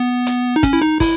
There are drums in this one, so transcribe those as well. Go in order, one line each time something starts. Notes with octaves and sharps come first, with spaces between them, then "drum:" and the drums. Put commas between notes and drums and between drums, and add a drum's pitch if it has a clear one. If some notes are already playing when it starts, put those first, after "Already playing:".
Already playing: B3
drum: hi-hat
D#4
C#4, drum: kick, hi-hat
E4
D#4
E4, drum: kick, open hi-hat